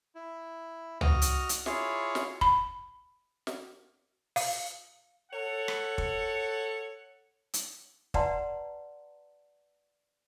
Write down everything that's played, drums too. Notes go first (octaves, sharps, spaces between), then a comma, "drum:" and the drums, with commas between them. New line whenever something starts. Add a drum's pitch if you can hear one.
E4
F#4 D#5 F6, drum: tom C#2
drum: hi-hat
drum: hi-hat
E4 F4 G#4 C#5, drum: snare
drum: snare
B5, drum: kick
drum: snare
F5, drum: open hi-hat
A4 C#5 F#5
drum: rim click
drum: kick
drum: hi-hat
B4 D5 F#5 A5 A#5 C6, drum: kick